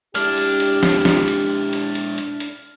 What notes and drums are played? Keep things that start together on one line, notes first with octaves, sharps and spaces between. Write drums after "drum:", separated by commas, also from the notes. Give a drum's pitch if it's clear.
G#3 D4 E4 G4 F6, drum: hi-hat
drum: hi-hat
drum: hi-hat
drum: snare
drum: snare
drum: hi-hat
drum: hi-hat
drum: hi-hat
drum: hi-hat
drum: hi-hat